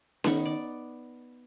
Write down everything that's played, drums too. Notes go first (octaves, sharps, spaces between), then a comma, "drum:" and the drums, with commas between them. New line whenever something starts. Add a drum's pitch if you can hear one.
D#3 B3 C#6, drum: snare C#4
D5